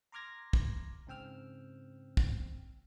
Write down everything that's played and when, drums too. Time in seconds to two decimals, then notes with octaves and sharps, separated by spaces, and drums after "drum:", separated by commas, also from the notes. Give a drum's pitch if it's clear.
0.12 A#5 C6 D6 F6 G#6 A#6
0.53 drum: kick
1.07 G#2 C#3 C4 G5 E6 F6
2.17 drum: kick